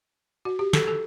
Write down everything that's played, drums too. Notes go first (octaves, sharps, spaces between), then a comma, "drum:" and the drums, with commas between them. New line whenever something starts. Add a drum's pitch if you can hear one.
F#4
G4
A4, drum: snare
A4